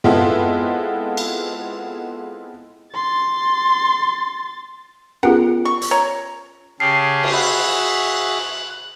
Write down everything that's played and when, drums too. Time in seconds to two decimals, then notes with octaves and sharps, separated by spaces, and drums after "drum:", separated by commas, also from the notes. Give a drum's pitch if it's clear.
0.04 G#3 B3 C4 E4 F4 A4, drum: tom
1.17 drum: cymbal
2.94 C6 A6
5.23 B3 C#4 F4 G4 G#4 A#4 F#5
5.65 C#6
5.82 drum: hi-hat
5.91 C#5 A#5
6.80 C#3 G4 G#4 A5 F6 C7
7.23 drum: cymbal
7.33 F#4 G#4 E5 B5 F#6